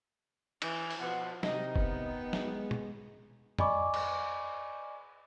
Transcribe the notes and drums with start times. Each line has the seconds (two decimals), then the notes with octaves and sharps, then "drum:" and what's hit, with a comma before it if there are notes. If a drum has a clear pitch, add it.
0.62 E3, drum: cymbal
0.91 drum: open hi-hat
1.00 B2 F3 B3 F#5
1.43 C3 D#3 D#4 D#5, drum: snare
1.76 B3, drum: kick
2.33 G#3, drum: snare
2.71 drum: tom
3.59 D5 D#5 G#5 B5 C#6 D6, drum: tom F2
3.94 drum: cymbal